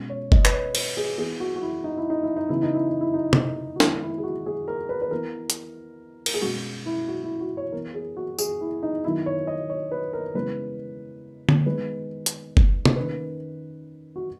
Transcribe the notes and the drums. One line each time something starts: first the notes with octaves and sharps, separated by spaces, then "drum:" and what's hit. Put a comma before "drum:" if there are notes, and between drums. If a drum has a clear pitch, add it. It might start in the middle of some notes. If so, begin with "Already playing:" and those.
Already playing: B2 G#3 C#4
C#5
D#5, drum: kick F#1
B4, drum: clap
C#5
B4, drum: cymbal
G#4
E3 B3 G#4
F#4
F#4
E4
D#4
E4
D#4
E4
D#4
C#3 E3 B3 E4
D#4
E4
D#4
E4
D#4
drum: tom C3
F#4
D#3 G#3 B3 E4, drum: snare
E4
G#4
F#4
G#4
A#4
B4
B4
E3 B3 A#4
drum: hi-hat
A#4, drum: cymbal
G#4
B2 G#3 C#4 F#4
E4
F#4
E4
F#4
C#5
E3 B3 A#4
G#4
F#4
G#4, drum: tambourine
E4
D#4
D#3 F#3 B3 E4
C#5
D#5
C#5
B4
A#4
C#3 E3 G#3 B3 B4
drum: tom D3
D#3 G#3 B3 B4
drum: hi-hat
drum: kick F#1
drum: tom C3
D#3 A#3 C#4 B4
F#4